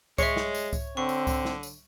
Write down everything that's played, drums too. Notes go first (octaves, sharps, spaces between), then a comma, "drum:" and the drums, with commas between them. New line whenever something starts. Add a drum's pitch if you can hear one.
G#3 C#5 E5 C#6 C#7, drum: kick C2, tambourine
drum: snare
drum: tambourine
drum: kick C2, tambourine
D3 C4 C#6
drum: tambourine
drum: kick C2, tambourine
drum: snare
drum: tambourine